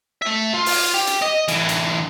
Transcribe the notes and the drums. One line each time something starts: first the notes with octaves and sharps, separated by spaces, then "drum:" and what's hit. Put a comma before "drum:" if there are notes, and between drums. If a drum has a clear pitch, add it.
A4 E5
F4
drum: open hi-hat
G4
drum: hi-hat
D#5
D3 E3, drum: hi-hat
drum: hi-hat